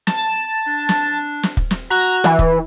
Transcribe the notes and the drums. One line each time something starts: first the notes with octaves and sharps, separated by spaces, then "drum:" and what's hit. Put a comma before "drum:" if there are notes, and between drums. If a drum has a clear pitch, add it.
A5, drum: snare
D4
drum: snare
drum: snare
drum: kick
drum: snare
F#4 A#5
E3, drum: snare
drum: kick